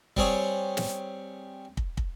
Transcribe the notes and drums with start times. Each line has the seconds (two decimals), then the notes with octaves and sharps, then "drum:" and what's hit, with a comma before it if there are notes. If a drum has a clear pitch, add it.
0.17 G3 C4 G#4 C#5, drum: kick
0.77 drum: snare
1.77 drum: kick
1.97 drum: kick